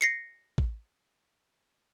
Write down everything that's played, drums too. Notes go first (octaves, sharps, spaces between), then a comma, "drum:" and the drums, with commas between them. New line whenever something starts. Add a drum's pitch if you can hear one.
A#6 C7 C#7
drum: kick